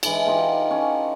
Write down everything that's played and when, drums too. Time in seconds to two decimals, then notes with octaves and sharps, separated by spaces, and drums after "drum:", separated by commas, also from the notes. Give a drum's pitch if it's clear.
0.03 D3 E3 G#3, drum: cymbal
0.26 D#4 F4 G4 A4
0.71 C#4 F5